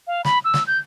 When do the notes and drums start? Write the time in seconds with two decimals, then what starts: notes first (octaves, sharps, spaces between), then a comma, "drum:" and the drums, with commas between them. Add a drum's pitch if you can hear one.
0.07 F5
0.25 B5, drum: snare
0.45 E6
0.54 drum: snare
0.67 G6